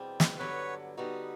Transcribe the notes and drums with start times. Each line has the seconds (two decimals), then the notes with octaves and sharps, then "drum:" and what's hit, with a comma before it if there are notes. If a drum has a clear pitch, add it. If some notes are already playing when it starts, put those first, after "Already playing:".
Already playing: E2 B2 G3 C4
0.20 drum: snare
0.39 G2 D3 F#3 B3 B4 C#5
0.97 D3 G3 B3 D#4 F#4